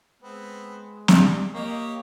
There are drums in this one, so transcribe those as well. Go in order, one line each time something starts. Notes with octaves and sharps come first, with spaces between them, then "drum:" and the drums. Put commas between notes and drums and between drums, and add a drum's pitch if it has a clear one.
G#3 B3 C4
G3 D4, drum: snare
A#3 G4 C#5 D#5